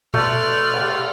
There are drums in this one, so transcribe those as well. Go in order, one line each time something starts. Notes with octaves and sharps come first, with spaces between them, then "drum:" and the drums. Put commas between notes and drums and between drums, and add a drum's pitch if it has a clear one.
B2 A3 B4 D5 C6 F6
drum: cymbal